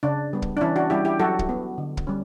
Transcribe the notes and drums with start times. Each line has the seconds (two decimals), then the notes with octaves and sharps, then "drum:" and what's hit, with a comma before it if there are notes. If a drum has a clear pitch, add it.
0.03 C#3 D4
0.33 G3 B3
0.42 drum: kick
0.57 D4
0.61 E3 C#4 E4
0.76 D4 F#4
0.90 G3 C#4 E4 G4
1.05 E4 G4
1.20 F#3 F#4 A4
1.39 drum: kick
1.49 B3
1.78 D3
1.97 drum: kick
2.07 G3 C#4